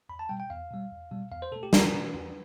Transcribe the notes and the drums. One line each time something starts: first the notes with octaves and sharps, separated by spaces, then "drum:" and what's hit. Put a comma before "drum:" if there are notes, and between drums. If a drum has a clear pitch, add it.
E2 B5
A5
B2 G3 G5
G5
E2 F5
B2 G3
E2
B2 G3
E2 F5
C5
B2 A3 A4
G4
E2 B4, drum: snare
B2 A3
E2